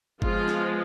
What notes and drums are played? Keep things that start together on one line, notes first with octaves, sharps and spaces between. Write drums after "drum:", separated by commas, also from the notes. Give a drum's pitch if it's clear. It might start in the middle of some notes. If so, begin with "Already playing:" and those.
F3 G#3 B3 F4, drum: kick G1
drum: snare